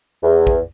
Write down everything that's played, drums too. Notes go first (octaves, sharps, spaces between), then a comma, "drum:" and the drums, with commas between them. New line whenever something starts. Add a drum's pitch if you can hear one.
E2
drum: kick